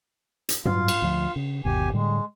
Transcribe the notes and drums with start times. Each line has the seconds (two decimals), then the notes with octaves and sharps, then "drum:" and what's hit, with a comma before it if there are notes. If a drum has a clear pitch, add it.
0.49 drum: hi-hat
0.65 G2 F#3 F4 F5, drum: tom
0.88 drum: cymbal
1.02 D2 F3
1.36 C#3
1.65 G1 D#2 B2 G4 G#5
1.93 A2 D3 G3 G#3